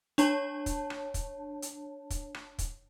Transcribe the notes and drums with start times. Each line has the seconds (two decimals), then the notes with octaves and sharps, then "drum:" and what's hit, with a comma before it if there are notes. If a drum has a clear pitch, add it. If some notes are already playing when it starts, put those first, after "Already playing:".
0.18 D4 C#5 A5, drum: hi-hat
0.66 drum: kick, hi-hat
0.90 drum: rim click
1.14 drum: kick, hi-hat
1.62 drum: hi-hat
2.10 drum: kick, hi-hat
2.34 drum: rim click
2.59 drum: kick, hi-hat